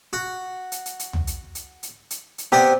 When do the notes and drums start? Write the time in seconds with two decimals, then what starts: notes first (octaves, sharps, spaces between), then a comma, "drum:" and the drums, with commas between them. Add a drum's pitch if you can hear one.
0.13 F#4
0.72 drum: hi-hat
0.86 drum: hi-hat
0.99 drum: hi-hat
1.13 drum: tom
1.27 drum: hi-hat
1.55 drum: hi-hat
1.83 drum: hi-hat
2.10 drum: hi-hat
2.38 drum: hi-hat
2.52 C3 B3 G4 D5